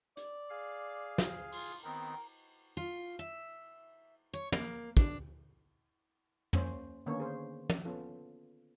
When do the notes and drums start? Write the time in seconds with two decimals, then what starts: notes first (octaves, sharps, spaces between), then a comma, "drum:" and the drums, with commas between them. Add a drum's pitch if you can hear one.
0.17 D5, drum: hi-hat
0.50 G#4 F5
1.18 drum: snare
1.52 F4, drum: cymbal
1.84 D#3 B3 C4 A#4
2.77 F4
3.19 E5
4.33 C#5
4.52 A#3, drum: tom
4.97 D4, drum: kick
6.53 A#3 C#4 C5, drum: tom
7.06 D3 D#3 A#3 B3 C#4 C#5
7.20 G#4 C5
7.69 drum: tom
7.85 B3 C#4 F4 A4